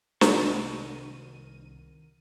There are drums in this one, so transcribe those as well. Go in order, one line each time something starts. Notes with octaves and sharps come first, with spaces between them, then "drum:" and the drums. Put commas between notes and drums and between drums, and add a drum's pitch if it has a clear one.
C2 C3 D#3 A#4 F#5 D#7, drum: snare